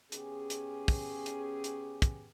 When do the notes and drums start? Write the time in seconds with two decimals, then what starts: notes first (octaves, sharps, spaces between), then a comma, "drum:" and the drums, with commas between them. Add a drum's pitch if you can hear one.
0.12 C#3 B3 C#4 G4 G#4, drum: hi-hat
0.50 drum: hi-hat
0.88 drum: kick, open hi-hat
1.26 drum: hi-hat
1.64 drum: hi-hat
2.02 drum: kick, hi-hat